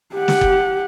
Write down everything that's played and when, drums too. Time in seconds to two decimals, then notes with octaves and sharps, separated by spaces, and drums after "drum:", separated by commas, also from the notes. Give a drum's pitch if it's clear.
0.14 G4 F#5
0.28 drum: snare
0.41 drum: kick F#1